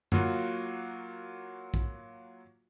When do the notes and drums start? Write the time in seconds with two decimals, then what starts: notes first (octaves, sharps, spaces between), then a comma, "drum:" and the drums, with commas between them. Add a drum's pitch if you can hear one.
0.12 F#3 A#3 F4 F#4, drum: tom F#2
1.74 drum: kick